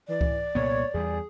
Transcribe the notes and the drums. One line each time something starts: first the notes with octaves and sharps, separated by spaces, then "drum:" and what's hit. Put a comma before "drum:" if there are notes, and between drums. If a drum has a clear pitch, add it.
E3 D5
drum: kick C#2
C2 A#2 B3 C#5
E2 G3 G#4